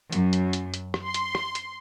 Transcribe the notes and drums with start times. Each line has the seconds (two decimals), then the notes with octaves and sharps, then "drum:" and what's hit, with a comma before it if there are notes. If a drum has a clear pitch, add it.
0.12 F#2, drum: hi-hat
0.33 drum: hi-hat
0.53 drum: hi-hat
0.74 drum: hi-hat
0.94 drum: rim click
1.04 C6
1.14 drum: hi-hat
1.35 drum: rim click
1.55 drum: hi-hat